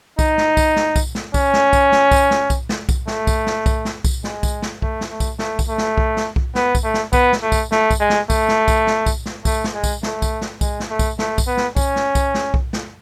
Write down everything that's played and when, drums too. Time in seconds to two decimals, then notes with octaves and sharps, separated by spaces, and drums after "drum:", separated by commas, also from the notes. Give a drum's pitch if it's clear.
0.19 D#4, drum: kick B1, tambourine
0.38 drum: snare
0.57 drum: kick B1, tambourine
0.76 drum: snare
0.96 drum: kick B1, tambourine
1.15 drum: snare
1.34 C#4, drum: kick B1, tambourine
1.54 drum: snare
1.73 drum: kick B1, tambourine
1.92 drum: snare
2.11 drum: kick B1, tambourine
2.31 drum: snare
2.50 drum: kick B1, tambourine
2.69 drum: snare
2.89 drum: kick B1, tambourine
3.08 A3, drum: snare
3.27 drum: kick B1, tambourine
3.47 drum: snare
3.66 drum: kick B1, tambourine
3.85 drum: snare
4.04 drum: kick B1, tambourine
4.24 G#3, drum: snare
4.43 drum: kick B1, tambourine
4.62 drum: snare
4.82 A3, drum: kick B1
5.01 drum: snare
5.10 A3
5.20 drum: kick B1, tambourine
5.39 A3, drum: snare
5.59 drum: kick B1, tambourine
5.69 A3
5.78 drum: snare
5.98 drum: kick B1
6.17 drum: snare
6.36 drum: kick B1
6.55 B3, drum: snare
6.75 drum: kick B1, tambourine
6.84 A3
6.94 drum: snare
7.13 B3, drum: kick B1, tambourine
7.33 drum: snare
7.43 A3
7.52 drum: kick B1, tambourine
7.72 A3, drum: snare
7.91 drum: kick B1, tambourine
8.00 G#3
8.10 drum: snare
8.30 A3, drum: kick B1, tambourine
8.48 drum: snare
8.68 drum: kick B1, tambourine
8.87 drum: snare
9.06 drum: kick B1, tambourine
9.26 drum: snare
9.45 A3, drum: kick B1, tambourine
9.64 drum: snare
9.74 G#3
9.84 drum: kick B1, tambourine
10.03 A3, drum: snare
10.22 drum: kick B1, tambourine
10.42 drum: snare
10.61 G#3, drum: kick B1, tambourine
10.80 drum: snare
10.90 A3
10.99 drum: kick B1, tambourine
11.19 A3, drum: snare
11.38 drum: kick B1, tambourine
11.47 B3
11.57 drum: snare
11.77 C#4, drum: kick B1, tambourine
11.96 drum: snare
12.15 drum: kick B1, tambourine
12.35 drum: snare
12.54 drum: kick B1
12.73 drum: snare